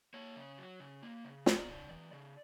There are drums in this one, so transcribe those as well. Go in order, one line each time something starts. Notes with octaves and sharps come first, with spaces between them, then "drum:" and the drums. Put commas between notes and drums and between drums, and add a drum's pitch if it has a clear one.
A#3 C#5
C#3
F#3
C#3
A#3
C#3
B3 D5, drum: snare
C#3
E3
C#3